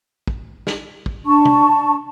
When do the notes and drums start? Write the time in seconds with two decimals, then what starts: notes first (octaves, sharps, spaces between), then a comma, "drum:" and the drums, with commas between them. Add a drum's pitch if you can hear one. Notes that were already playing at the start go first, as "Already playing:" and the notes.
0.27 drum: kick
0.67 drum: snare
1.06 drum: kick
1.26 D4 A5 C#6
1.45 drum: tom